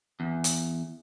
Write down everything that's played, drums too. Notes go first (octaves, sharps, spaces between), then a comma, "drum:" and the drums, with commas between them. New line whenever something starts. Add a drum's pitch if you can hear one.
E2
drum: hi-hat